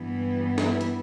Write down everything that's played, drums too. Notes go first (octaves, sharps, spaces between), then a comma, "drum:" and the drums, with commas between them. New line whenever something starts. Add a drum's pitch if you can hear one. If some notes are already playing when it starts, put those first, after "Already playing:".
Already playing: G2 E3 B3
E4, drum: snare
drum: hi-hat